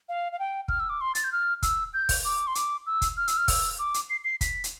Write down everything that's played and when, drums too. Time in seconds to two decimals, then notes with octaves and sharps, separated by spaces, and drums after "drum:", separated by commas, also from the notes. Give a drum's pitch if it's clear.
0.09 F5
0.32 F5
0.39 G5
0.68 F6, drum: kick
0.80 E6
0.89 D6
1.01 C6
1.15 A6, drum: hi-hat
1.24 G6
1.32 F6
1.63 E6, drum: kick, hi-hat
1.94 G6
2.09 drum: kick, open hi-hat
2.25 D6
2.47 C6
2.55 D6, drum: hi-hat
2.86 E6
3.02 drum: kick, hi-hat
3.17 F6
3.28 E6, drum: hi-hat
3.37 F6
3.48 E6, drum: kick, open hi-hat
3.79 D6
3.94 drum: hi-hat
4.10 C7
4.24 C7
4.41 B6, drum: kick, hi-hat
4.64 drum: hi-hat